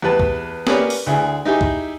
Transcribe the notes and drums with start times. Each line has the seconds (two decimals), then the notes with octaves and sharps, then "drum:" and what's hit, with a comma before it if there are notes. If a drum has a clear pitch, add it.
0.02 E2 G4 B4 A5
0.20 drum: kick C#2
0.67 A#3 C#4 G4 B4 C#5 D5, drum: snare
0.90 drum: open hi-hat
1.07 D2 E4 G#4
1.45 D#4 E4 G4 G#4
1.61 drum: kick C#2